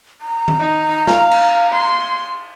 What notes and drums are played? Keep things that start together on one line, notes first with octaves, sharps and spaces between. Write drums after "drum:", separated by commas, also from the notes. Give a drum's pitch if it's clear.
A#5
drum: tom D#3
D#4
F5, drum: snare
drum: cymbal
C6